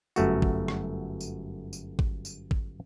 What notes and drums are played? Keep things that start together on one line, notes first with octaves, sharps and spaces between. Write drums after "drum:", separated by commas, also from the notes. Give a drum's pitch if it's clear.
G1 F#2 A3 F#4, drum: tambourine
drum: kick
drum: rim click
drum: tambourine
drum: tambourine
drum: kick
drum: tambourine
drum: kick